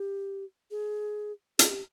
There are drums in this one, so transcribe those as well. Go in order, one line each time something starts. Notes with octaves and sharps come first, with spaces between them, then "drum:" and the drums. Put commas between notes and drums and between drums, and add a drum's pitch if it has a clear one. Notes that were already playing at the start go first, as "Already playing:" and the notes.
Already playing: G4
G#4
G#4, drum: hi-hat
G4